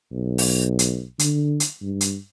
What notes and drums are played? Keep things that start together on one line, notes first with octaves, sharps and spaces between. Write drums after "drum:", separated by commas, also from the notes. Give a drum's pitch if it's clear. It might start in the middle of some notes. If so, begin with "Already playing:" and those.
B1
drum: open hi-hat
drum: hi-hat
D3, drum: hi-hat
drum: hi-hat
G2
drum: hi-hat